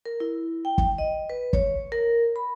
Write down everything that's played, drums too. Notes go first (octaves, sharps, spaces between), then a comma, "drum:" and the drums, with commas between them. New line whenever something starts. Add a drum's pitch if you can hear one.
A#4
E4
G5
drum: kick
D#5
B4
C#5, drum: kick
A#4
B5